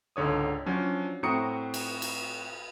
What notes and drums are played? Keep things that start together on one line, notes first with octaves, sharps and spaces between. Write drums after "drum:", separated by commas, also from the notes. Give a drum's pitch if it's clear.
C#2 G#2 D3 C#5 D#6
F3 F#3 C#4 D4
A2 C4 F#4 A#5 D#6 C#7
drum: cymbal
drum: cymbal